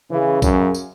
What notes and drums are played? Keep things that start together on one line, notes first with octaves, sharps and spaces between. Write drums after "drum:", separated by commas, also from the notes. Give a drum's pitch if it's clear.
C#3 E3
F#2 C#3, drum: kick A#1, tambourine
drum: tambourine